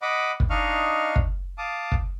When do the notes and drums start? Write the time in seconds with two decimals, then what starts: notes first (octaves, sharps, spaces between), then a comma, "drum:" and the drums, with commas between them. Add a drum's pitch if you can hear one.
0.02 D#5 F#5 B5 D6
0.40 drum: kick
0.50 D4 D#4 D#5 F5 C#6 F6
1.16 drum: kick
1.58 F5 A5 D6 D#6
1.92 drum: kick